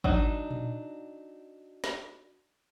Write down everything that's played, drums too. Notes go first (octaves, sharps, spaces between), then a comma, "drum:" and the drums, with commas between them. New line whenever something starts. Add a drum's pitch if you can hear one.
F#3 D4 D#4, drum: kick
drum: tom A#2
drum: snare